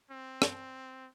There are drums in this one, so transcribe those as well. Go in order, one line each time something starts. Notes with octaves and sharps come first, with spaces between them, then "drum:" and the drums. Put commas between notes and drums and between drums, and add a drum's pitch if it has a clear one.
C4
drum: rim click